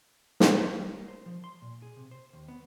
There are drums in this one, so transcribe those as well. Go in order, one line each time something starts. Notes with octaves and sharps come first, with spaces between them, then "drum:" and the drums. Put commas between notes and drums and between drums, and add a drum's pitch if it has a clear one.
drum: snare
G3
A#4
C5
F3
C6
A#2
G#4
C3
C5
D#2
B3